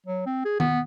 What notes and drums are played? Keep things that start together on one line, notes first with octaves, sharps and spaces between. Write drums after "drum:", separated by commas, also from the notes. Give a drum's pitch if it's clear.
F#3
C4
G#4
B3, drum: tom D#3